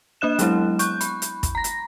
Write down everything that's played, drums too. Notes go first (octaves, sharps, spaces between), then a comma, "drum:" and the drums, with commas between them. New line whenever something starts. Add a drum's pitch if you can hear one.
A#3 D4 D#5 F#6 E7
F#3 G#3 B3 E4, drum: hi-hat
C#6 F#6 G6, drum: hi-hat
B5, drum: hi-hat
drum: hi-hat
drum: kick, hi-hat
A#5 A#6
drum: hi-hat